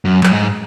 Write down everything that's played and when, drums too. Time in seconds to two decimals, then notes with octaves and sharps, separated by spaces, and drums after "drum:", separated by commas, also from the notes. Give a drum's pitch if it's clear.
0.05 F#2
0.23 F#2, drum: clap
0.32 G#2